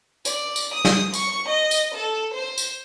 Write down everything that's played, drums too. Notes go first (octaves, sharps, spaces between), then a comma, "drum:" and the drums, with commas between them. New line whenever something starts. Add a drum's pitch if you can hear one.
D5, drum: tambourine
drum: tambourine
D#6
drum: snare
C#6, drum: tambourine
D#5
drum: tambourine
A4
C5
drum: tambourine